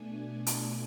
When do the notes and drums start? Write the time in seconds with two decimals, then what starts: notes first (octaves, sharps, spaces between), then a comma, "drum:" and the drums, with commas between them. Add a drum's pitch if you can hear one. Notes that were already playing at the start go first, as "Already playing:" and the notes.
Already playing: B2 A3 D4 G#5
0.47 G#5, drum: hi-hat